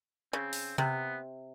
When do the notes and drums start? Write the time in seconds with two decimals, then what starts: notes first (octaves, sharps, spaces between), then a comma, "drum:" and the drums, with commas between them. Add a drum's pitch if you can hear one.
0.33 C#3 C4
0.53 drum: open hi-hat
0.78 C3 B3, drum: tom C3